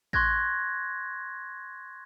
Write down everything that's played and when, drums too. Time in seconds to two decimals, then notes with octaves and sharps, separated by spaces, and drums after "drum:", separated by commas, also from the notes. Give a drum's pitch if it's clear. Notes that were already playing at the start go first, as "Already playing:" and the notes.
0.13 C6 C#6 F#6 G#6 A#6, drum: kick A1